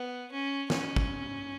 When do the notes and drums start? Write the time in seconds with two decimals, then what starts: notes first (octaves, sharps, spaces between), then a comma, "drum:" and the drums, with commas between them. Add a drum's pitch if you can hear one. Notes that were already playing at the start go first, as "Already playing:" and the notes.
Already playing: B3
0.31 C#4
0.70 C#4, drum: snare
0.96 drum: kick